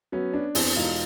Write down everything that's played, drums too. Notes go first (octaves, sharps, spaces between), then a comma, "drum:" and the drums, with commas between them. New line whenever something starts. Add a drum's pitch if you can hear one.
F#3 B3 C#4
D4
E2 C4 D4, drum: open hi-hat
E1 D#4 F4